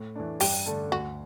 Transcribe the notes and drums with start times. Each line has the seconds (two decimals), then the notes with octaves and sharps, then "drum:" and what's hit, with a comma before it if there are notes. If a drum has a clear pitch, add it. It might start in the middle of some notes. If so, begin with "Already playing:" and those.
Already playing: A2
0.16 E3 A3 D4
0.40 G2 G4, drum: open hi-hat
0.66 D3 A3 D4 A4
0.91 D2 F#4